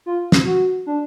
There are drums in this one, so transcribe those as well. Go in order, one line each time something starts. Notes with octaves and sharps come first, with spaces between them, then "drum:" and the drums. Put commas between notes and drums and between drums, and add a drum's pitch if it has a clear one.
F4
drum: snare
F#4
D4